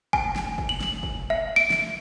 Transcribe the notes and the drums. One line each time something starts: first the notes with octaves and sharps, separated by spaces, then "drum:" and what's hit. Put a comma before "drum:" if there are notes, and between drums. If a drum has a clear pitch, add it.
G#5, drum: kick
drum: snare
drum: kick
F#7
drum: snare
drum: kick
E5
D7
drum: snare